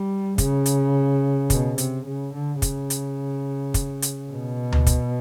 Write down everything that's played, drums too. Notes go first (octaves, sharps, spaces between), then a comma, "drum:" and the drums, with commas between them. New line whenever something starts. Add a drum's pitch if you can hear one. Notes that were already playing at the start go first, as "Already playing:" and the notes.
Already playing: G3
C#3, drum: kick, hi-hat
drum: hi-hat
B2, drum: kick, hi-hat
C3, drum: hi-hat
C#3
D3
C#3, drum: kick, hi-hat
drum: hi-hat
drum: kick, hi-hat
drum: hi-hat
B2
drum: tom D2
drum: kick, hi-hat